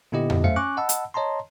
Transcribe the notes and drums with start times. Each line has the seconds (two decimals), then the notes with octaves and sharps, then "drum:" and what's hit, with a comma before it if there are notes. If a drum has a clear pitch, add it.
0.12 A#2 D3 B3 E4 G4 D#5
0.30 drum: tom F2
0.44 F#2 A3 C5 E5 F5 C#7
0.56 C#4 G#5 C#6 D6 F#6
0.77 D#5 F#5 A5 B5 E6
0.89 drum: hi-hat
1.14 C#5 D#5 A5 A#5 C6